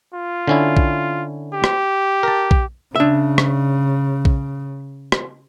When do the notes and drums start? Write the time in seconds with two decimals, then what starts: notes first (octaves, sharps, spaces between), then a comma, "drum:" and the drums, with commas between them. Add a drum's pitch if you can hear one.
0.14 F4
0.48 D3 C#4 E4
0.77 drum: kick A#1
1.53 G4
1.64 drum: rim click
2.23 A#4 A5
2.51 drum: kick A#1
2.96 C#3 D4 E5
3.38 drum: rim click
4.25 drum: kick A#1
5.12 drum: rim click